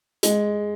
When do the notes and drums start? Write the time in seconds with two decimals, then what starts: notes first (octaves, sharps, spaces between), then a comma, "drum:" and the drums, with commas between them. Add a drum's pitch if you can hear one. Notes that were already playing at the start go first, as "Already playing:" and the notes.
0.23 G#3, drum: hi-hat